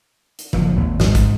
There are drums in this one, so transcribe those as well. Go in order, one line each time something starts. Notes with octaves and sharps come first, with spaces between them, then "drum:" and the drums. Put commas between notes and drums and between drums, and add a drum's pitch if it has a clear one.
drum: hi-hat
F#1 F3, drum: tom D3
G#1 D#2
G#2 G#3, drum: snare
drum: kick, hi-hat